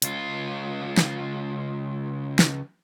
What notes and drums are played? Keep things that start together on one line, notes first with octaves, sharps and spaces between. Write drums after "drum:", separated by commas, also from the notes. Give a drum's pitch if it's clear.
C#2 F4, drum: hi-hat
drum: snare
drum: snare